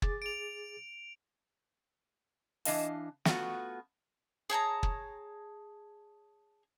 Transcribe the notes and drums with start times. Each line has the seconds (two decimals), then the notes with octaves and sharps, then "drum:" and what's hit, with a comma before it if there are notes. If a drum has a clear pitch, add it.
0.02 G#4 D6 A6, drum: kick
0.22 D7 F7
2.65 E3 D4 D#5 F5 A5, drum: open hi-hat
3.25 A3 B3 F4 F#4, drum: snare
4.50 G#4 C#5 A5 A#5
4.83 drum: kick